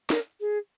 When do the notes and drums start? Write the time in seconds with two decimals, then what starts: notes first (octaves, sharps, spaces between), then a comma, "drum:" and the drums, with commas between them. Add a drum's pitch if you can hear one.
0.10 A#4, drum: snare
0.40 G#4